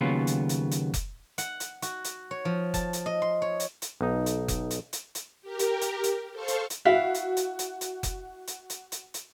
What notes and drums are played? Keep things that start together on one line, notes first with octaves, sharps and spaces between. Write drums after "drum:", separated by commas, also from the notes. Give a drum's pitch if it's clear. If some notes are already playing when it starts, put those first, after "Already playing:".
D#2 C#3 F#3 B3 F4
drum: hi-hat
drum: hi-hat
drum: hi-hat
drum: kick F1, hi-hat
F#5, drum: hi-hat
drum: hi-hat
F#4, drum: hi-hat
drum: hi-hat
C#5
F3
A5, drum: kick F1, hi-hat
drum: hi-hat
D#5
C6
C#5
drum: hi-hat
drum: hi-hat
B1 D#4
drum: hi-hat
drum: kick F1, hi-hat
drum: hi-hat
drum: hi-hat
drum: hi-hat
G4 A#4
drum: hi-hat
drum: hi-hat
drum: hi-hat
A4 C5 F5 C#6
drum: hi-hat
drum: hi-hat
E4 F#4 E5 F5
drum: hi-hat
drum: hi-hat
drum: hi-hat
drum: hi-hat
drum: kick F1, hi-hat
drum: hi-hat
drum: hi-hat
drum: hi-hat
drum: hi-hat